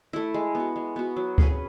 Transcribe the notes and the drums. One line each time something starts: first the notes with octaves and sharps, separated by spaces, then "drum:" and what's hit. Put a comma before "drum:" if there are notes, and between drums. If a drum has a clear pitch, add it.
A3 E4
G#3
B3 F#4
G#3
B3 F#4
F#3
C#4 G#4 B4, drum: kick